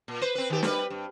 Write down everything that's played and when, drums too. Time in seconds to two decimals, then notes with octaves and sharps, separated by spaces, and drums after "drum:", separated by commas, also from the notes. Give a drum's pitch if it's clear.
0.08 A#2
0.21 B4 C5
0.35 C4 B4
0.50 D#3 G4
0.63 G3 B4, drum: snare
0.90 G2